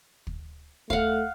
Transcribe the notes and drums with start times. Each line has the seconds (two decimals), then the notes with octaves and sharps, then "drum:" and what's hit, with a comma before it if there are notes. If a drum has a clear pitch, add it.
0.27 drum: kick
0.90 A3 F5 F#5, drum: kick